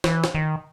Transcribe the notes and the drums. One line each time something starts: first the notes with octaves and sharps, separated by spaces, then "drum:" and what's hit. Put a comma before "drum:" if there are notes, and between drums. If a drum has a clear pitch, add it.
E3, drum: snare
drum: snare
D#3